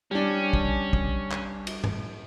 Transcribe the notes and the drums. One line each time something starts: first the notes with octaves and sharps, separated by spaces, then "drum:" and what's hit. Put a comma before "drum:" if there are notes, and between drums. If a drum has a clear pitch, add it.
G3 C#4 D4
drum: kick
drum: kick
drum: clap
drum: cymbal
drum: tom G2